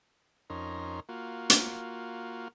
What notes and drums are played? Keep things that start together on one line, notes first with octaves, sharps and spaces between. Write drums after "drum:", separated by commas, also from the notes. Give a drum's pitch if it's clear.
F2 C#4 D#4 A#4 C6
A#3 F4 F#4
drum: hi-hat